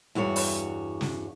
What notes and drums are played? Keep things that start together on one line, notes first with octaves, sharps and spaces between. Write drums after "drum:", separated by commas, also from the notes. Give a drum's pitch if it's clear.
E2 G2 F#4 C#5
drum: open hi-hat
drum: snare